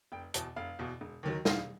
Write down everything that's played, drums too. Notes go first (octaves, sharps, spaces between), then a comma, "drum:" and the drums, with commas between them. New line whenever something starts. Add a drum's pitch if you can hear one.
F1 G5
E2 B2 A5, drum: hi-hat
F1 F5
E2 B2
E1
D#2 D#3 F#3
E1 F5, drum: snare